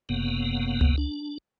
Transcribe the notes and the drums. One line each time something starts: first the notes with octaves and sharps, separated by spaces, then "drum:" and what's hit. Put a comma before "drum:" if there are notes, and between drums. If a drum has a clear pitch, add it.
F#1 F#2 C3 A#3 B3
drum: tom C#2
D4